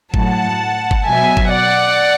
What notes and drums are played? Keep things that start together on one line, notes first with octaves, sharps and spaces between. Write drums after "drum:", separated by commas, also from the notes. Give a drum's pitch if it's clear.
A2 F#3 F#5 A5, drum: kick G1
drum: kick G1
B2 F#3 E5 G#5
drum: kick G1
D5 F#5